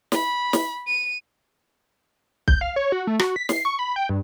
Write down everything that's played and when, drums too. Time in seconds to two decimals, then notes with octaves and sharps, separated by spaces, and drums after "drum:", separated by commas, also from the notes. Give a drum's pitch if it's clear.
0.12 B5, drum: snare
0.53 drum: snare
0.87 D#7
2.48 G6, drum: kick B1
2.61 F5
2.76 C#5
2.92 F#4
3.07 A3
3.19 F#4, drum: rim click
3.36 B6
3.49 C7, drum: snare
3.65 C#6
3.79 B5
3.96 G5
4.09 G2